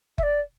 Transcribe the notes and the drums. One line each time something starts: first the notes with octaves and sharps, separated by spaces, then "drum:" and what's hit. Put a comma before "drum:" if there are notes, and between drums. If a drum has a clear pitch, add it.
E5, drum: kick F#1
D5